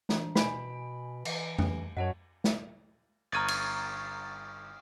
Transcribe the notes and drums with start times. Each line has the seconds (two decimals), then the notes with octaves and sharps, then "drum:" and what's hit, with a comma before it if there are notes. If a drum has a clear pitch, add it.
0.09 E3 D4, drum: snare
0.35 B2 B4 G#5 B5 D7, drum: snare
1.25 E3, drum: cymbal
1.58 E3, drum: tom F2
1.97 F#2 F#3 F#4 C#5 D#5 F#5 A5
2.44 drum: snare
3.32 G1 A#5 C#6 D#6 F6 G#6 A6 D#7
3.48 drum: cymbal